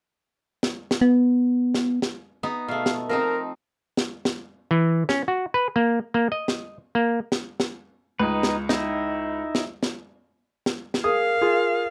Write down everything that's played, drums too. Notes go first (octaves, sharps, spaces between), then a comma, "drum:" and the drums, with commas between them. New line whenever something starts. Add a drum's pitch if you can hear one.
drum: snare
drum: snare
B3
drum: snare
drum: snare
B3 D#4
B2 A3 F5
drum: snare
F3 C4 D#4 A#4
drum: snare
drum: snare
E3
C#4, drum: snare
F#4
B4
A#3
A#3
D#5
drum: snare
A#3
drum: snare
drum: snare
C#2 D#4 B4
drum: snare
D#4 E4, drum: snare
drum: snare
drum: snare
drum: snare
drum: snare
G#4 A#4 F5 D#6
F4 G#4